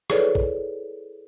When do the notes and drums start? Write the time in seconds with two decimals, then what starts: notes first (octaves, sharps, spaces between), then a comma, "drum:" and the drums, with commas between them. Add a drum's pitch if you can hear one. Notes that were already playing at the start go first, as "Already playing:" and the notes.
0.10 E4 G#4 A4 B4 C#5 D5, drum: rim click
0.35 drum: kick